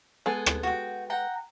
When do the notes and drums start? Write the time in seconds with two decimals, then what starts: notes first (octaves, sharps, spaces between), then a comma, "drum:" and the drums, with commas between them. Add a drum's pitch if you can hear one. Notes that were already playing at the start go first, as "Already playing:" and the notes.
0.26 G#3 B3 A4 G#5
0.46 drum: rim click
0.63 F#4 G5
1.10 F#5 G5 A#5